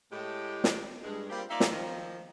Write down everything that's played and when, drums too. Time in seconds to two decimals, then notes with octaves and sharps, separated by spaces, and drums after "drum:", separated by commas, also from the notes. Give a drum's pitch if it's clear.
0.12 A2 G#3 G4
0.64 drum: snare
1.03 G2 G#3
1.30 G3 A#3 C4 F4 G4
1.50 A#3 D#4 F4 D5 E5 F5
1.60 drum: snare
1.71 D#3 F3